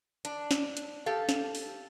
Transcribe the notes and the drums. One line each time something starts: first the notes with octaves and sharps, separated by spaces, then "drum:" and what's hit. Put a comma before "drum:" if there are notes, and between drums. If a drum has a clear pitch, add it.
D4, drum: hi-hat
drum: snare
drum: hi-hat
G4 A4 F5
drum: snare
drum: open hi-hat